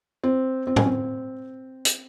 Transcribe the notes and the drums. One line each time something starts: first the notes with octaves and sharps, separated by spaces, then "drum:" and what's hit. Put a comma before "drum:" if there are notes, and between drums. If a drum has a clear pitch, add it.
C4
C4
C#4, drum: tom A2
C4
drum: hi-hat